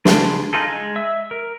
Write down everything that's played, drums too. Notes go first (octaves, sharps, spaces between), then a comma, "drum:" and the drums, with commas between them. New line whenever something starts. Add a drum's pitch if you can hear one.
C#3 D4 G#4 C6, drum: snare
D#4 F4 G#4 A4
G#3
E5 E6
A#4